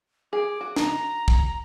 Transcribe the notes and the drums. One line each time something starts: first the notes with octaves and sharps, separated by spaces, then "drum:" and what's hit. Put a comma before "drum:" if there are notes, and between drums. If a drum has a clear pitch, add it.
G#4 D6
F#4
A#5, drum: snare
drum: kick